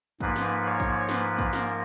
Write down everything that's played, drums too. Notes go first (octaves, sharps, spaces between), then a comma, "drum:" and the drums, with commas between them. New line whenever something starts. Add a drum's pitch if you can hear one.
G#2 F3 A#3 B4, drum: kick
drum: snare
C#5
drum: kick
B4, drum: snare
drum: kick
A#4, drum: snare